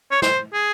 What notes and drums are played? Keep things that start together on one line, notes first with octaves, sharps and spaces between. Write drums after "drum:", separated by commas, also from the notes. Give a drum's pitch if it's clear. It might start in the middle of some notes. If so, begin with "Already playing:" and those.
C#5
C5, drum: snare
G#4